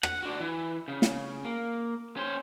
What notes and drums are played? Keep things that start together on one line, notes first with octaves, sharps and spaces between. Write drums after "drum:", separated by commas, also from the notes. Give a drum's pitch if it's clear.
F#5, drum: rim click
D4 F#4
E3
C#3
drum: snare
A#3
C#4 C5